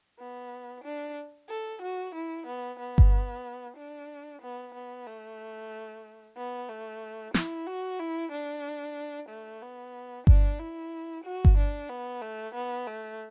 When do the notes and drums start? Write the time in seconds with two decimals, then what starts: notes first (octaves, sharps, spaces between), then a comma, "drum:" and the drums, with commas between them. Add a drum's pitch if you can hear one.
0.19 B3
0.84 D4
1.49 A4
1.82 F#4
2.15 E4
2.47 B3
2.79 B3
2.98 drum: kick G1
3.77 D4
4.42 B3
4.74 B3
5.07 A3
6.37 B3
6.69 A3
7.34 E4, drum: snare
7.67 F#4
7.99 E4
8.32 D4
9.29 A3
9.62 B3
10.27 D4, drum: kick G1
10.59 E4
11.24 F#4
11.45 drum: kick G1
11.57 D4
11.90 B3
12.22 A3
12.55 B3
12.87 A3